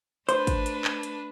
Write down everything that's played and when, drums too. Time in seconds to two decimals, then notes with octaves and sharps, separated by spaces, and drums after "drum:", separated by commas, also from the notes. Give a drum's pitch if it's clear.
0.29 A3 D4 B4 C5, drum: hi-hat
0.47 drum: kick, hi-hat
0.66 drum: hi-hat
0.85 drum: clap
1.03 drum: hi-hat